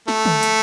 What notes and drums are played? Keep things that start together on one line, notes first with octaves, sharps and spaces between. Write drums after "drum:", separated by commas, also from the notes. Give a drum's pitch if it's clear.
A3, drum: snare
drum: tom D3
drum: hi-hat